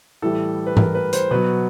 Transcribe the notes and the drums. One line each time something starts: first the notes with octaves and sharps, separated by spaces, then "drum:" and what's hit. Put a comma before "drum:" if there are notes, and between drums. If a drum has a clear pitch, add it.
A2 E3 G3 A4
B4
A#4, drum: tom G#2
B4
C5, drum: hi-hat
B2 F#3 B4